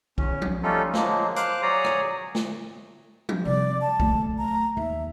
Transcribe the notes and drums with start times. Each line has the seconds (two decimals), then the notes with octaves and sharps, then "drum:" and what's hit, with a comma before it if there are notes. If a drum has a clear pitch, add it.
0.18 E2 C#4, drum: kick
0.42 drum: tom F3
0.63 G3 A3 C#4 D#4 F4 A4
0.94 F3 F#3 G#3 A#3, drum: snare
1.36 C5 F5 D6 F#6, drum: hi-hat
1.62 F#3 G#4 C#5 D5 A#5 D#6
1.84 drum: rim click
2.35 drum: snare
3.29 drum: tom F3
3.45 C3 G3 D5
3.81 A5
4.00 F#3 A3, drum: kick
4.38 A#5
4.77 D#2 E5